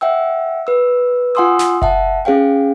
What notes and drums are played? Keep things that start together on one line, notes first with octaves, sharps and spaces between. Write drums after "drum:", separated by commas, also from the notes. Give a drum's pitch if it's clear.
E5 F#5 G5 E6
B4 E6
F4 F#5 G#5 C6 D#6 E6
drum: snare
E5 F#5 A5, drum: kick F#1
C#4 G#4 C#5 F5 G5